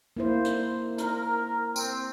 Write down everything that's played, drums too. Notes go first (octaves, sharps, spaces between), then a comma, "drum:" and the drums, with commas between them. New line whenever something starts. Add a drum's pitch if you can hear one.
A#3 E4 C5
drum: hi-hat
A#4, drum: hi-hat
C4, drum: tambourine